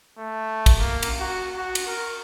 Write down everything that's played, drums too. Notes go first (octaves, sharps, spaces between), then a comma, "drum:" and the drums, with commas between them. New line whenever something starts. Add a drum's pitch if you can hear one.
A3
drum: kick, cymbal
A#3
drum: cymbal
F#4
F#4
drum: cymbal
A#4